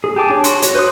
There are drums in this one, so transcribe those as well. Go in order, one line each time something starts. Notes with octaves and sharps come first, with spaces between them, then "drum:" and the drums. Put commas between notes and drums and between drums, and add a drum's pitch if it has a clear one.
G#4
G4 G#5 A5 D6
D4 C#5
F#4 C6 C#6, drum: hi-hat
F#4 C#5, drum: hi-hat
B4 C5 C6 C#6 D#6